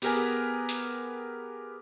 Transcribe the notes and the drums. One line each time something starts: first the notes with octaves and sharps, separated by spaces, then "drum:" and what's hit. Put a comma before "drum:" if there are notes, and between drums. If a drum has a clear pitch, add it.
B3 G4 G#4 A#4 B4 G#5, drum: open hi-hat
drum: hi-hat